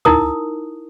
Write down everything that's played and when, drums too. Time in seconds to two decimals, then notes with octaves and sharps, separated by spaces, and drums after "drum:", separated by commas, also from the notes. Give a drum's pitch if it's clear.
0.05 D#4 E4 A#4 D#6, drum: tom